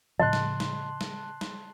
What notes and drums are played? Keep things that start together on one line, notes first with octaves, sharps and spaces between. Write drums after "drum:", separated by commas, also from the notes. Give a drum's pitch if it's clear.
A2 C#3 F3 D#5 A5 C6 F#6
drum: snare
drum: snare
drum: snare
drum: snare